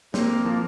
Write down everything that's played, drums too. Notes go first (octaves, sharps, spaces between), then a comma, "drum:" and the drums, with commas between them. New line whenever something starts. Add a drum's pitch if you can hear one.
A#3 C4, drum: snare
F3